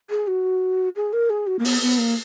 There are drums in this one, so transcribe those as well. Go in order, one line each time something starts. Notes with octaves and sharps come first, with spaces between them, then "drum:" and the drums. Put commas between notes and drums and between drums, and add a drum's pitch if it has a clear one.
G#4
F#4
G#4
A#4
G#4
F#4
A#3
B3, drum: open hi-hat
B3
A#3